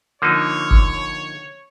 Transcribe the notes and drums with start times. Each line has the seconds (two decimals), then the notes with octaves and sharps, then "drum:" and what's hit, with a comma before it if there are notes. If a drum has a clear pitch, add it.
0.22 D3 F3 A#3 D#4 C#5
0.71 drum: kick G1